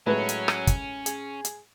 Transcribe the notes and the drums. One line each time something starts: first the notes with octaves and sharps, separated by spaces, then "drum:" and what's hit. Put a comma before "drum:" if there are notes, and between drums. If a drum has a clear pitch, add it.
A2 F#3 G#3 C#4 B4
drum: hi-hat
drum: rim click
drum: kick, hi-hat
G#4, drum: hi-hat
drum: hi-hat